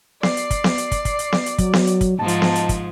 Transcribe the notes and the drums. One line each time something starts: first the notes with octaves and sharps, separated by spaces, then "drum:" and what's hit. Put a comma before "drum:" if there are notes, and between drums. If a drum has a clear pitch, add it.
D5 C7, drum: snare B3
drum: hi-hat
drum: kick, hi-hat
drum: snare B3
drum: hi-hat
drum: kick, hi-hat
drum: kick, hi-hat
drum: hi-hat
drum: snare B3
drum: hi-hat
F#3, drum: kick, hi-hat
drum: snare B3
drum: hi-hat
drum: kick, hi-hat
G#2 F3 D#4 A5
drum: hi-hat
drum: snare B3
drum: hi-hat
drum: kick, hi-hat